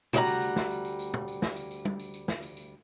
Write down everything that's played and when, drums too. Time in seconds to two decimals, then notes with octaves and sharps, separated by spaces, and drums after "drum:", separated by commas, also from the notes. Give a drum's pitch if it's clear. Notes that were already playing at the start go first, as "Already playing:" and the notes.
0.13 D2 G3 C#5 D#5 F#5 A#5, drum: tom
0.28 drum: tambourine
0.42 drum: tambourine
0.56 drum: snare
0.71 drum: tambourine
0.85 drum: tambourine
0.99 drum: tambourine
1.14 drum: tom
1.28 drum: tambourine
1.42 drum: snare
1.57 drum: tambourine
1.71 drum: tambourine
1.85 drum: tom
2.00 drum: tambourine
2.14 drum: tambourine
2.28 drum: snare
2.43 drum: tambourine
2.57 drum: tambourine